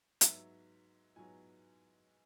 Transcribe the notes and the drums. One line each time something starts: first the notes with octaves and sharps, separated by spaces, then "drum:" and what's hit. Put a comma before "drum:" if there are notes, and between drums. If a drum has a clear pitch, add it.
G#2 F#3 B3 E5, drum: hi-hat
G#2 F#3 B3 G#5